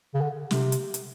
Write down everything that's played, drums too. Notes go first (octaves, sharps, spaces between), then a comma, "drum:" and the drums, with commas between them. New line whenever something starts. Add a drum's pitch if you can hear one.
C#3
D3
C3, drum: snare
drum: hi-hat
drum: hi-hat